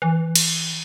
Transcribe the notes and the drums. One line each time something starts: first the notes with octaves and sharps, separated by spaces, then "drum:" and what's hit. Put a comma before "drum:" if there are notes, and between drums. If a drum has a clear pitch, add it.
E3
drum: cymbal